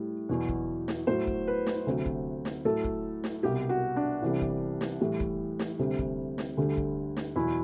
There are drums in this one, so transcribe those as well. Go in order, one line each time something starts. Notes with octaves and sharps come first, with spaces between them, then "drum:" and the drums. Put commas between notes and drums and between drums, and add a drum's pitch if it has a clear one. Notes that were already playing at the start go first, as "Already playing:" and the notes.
Already playing: A2 G3
E2 B2 F#3
drum: kick
drum: snare
A2 F#3 C5
drum: kick
B4
drum: snare
D2 C3 F#3
drum: kick
drum: snare
A2 F#3 A4
drum: kick
drum: snare
C2 B2 G3 G4
F#4
D4
C2 C3 E3 G3
drum: kick
drum: snare
A2 E3 G3
drum: kick
drum: snare
D2 C3 G3
drum: kick
drum: snare
D2 D3 G3
drum: kick
drum: snare
E2 B2 F#3 E4